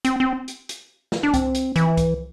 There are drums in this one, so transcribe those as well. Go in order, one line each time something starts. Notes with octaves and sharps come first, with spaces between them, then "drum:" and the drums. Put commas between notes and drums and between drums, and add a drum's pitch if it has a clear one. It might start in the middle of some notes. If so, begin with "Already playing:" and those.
C4, drum: hi-hat
C4
drum: hi-hat
drum: hi-hat
drum: snare
D4
C4, drum: kick C2, hi-hat
drum: hi-hat
E3, drum: hi-hat
drum: kick C2, hi-hat